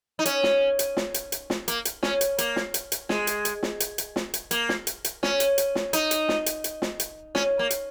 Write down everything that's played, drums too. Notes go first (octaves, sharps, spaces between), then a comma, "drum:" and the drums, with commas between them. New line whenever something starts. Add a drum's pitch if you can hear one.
D#4
C#4, drum: hi-hat
drum: snare
drum: hi-hat
drum: snare
drum: hi-hat
drum: hi-hat
drum: snare
A#3, drum: hi-hat
drum: hi-hat
C#4, drum: snare
drum: hi-hat
A#3, drum: hi-hat
drum: snare
drum: hi-hat
drum: hi-hat
G#3, drum: snare
drum: hi-hat
drum: hi-hat
drum: snare
drum: hi-hat
drum: hi-hat
drum: snare
drum: hi-hat
A#3, drum: hi-hat
drum: snare
drum: hi-hat
drum: hi-hat
C#4, drum: snare
drum: hi-hat
drum: hi-hat
drum: snare
D#4, drum: hi-hat
drum: hi-hat
drum: snare
drum: hi-hat
drum: hi-hat
drum: snare
drum: hi-hat
C#4, drum: snare
A#3
drum: hi-hat